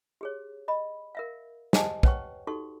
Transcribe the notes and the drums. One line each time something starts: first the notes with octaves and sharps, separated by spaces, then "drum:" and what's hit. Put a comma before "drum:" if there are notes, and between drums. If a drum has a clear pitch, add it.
G4 G#4 C#5
D#5 B5
A#4 E5 F5
G4 C5 D#5 F#5 G#5 A5, drum: snare
B4 C#5 F#5 G5 C#6, drum: kick
D#4 F#4 G4 A4 C#6